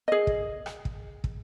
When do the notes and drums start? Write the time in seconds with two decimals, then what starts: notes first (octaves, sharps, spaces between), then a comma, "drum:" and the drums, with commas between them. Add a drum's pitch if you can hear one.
0.08 G#4 D#5
0.27 drum: kick
0.66 drum: rim click
0.85 drum: kick
1.24 drum: kick